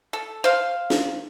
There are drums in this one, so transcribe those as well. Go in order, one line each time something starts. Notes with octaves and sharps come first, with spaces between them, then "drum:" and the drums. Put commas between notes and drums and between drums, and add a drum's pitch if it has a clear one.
A4
C5 F5
drum: snare